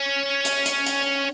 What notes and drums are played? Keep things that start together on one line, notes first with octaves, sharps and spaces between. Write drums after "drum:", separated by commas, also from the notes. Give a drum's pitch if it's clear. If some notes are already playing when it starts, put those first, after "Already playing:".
Already playing: C#4
drum: hi-hat
drum: hi-hat
drum: hi-hat